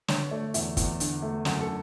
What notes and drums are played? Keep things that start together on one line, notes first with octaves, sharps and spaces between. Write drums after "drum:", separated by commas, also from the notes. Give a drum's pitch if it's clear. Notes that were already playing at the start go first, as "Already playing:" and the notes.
D3 C#5, drum: snare
A3 D5
E2 E5, drum: hi-hat
E2, drum: kick, hi-hat
D3, drum: hi-hat
A3
F#2 F#5, drum: snare
A4